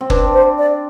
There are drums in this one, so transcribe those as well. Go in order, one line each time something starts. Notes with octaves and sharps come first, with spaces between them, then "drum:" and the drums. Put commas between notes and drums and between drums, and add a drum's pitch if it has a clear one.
C4
D4 B4, drum: kick
C5
D5